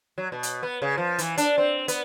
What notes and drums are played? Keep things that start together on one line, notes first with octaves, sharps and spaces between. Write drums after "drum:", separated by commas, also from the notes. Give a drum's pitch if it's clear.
F#3
B2
drum: hi-hat
B3
C#3
F3
E3, drum: hi-hat
D4, drum: hi-hat
C4
B3, drum: hi-hat